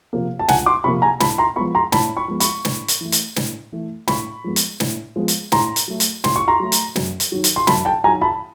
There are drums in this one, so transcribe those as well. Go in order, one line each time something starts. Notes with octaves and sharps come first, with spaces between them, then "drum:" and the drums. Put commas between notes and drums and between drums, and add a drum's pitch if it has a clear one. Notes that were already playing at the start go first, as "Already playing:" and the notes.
C3 F3 A#3
A5
C#2 F#5 G#5, drum: snare
C6 D6
C3 F3 A#3 B5 C#6
G#5 A#5
A2 A5 B5, drum: snare
A#5 C6
F3 G#3 B3 B5 C#6
A#5 C6
A2 A5 B5, drum: snare
B5 C#6
F3 G#3 B3
B5 C#6, drum: hi-hat
A2, drum: snare
drum: hi-hat
E3 A3
drum: hi-hat
A2, drum: snare
E3 A3
A2 B5 C#6, drum: snare
F3 G#3 B3
drum: hi-hat
A2, drum: snare
F3 G#3 B3
drum: hi-hat
A2 A#5 C6, drum: snare
drum: hi-hat
F#3 A3
drum: hi-hat
A2 C6, drum: snare
C#6
A#5 C6
F#3 A3
drum: hi-hat
F#2, drum: snare
drum: hi-hat
D#3 F#3
drum: hi-hat
C6
F#2 A5 B5, drum: snare
G5 A5
D#3 F#3 G#5 A#5
A5 B5